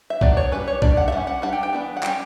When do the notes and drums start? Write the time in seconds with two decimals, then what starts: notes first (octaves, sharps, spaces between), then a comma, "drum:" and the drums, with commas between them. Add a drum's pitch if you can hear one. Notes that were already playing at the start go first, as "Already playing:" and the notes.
0.10 E5
0.21 F#3 B3 D4 D5, drum: kick
0.37 C#5
0.52 G3 C#4 B4
0.68 C#5
0.82 G3 D4 D5, drum: kick
0.97 F#5
1.08 E5
1.12 G3 C#4 F#5
1.27 F#5
1.42 G3 D4 F#5
1.53 G5
1.63 G5
1.73 E3 B3 D4
1.97 F#5
2.03 G3 C#4 G5, drum: clap